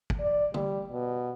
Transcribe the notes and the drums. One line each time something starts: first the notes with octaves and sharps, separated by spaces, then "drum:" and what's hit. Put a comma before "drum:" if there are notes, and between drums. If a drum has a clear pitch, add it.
drum: kick
D5
G3, drum: tom
B2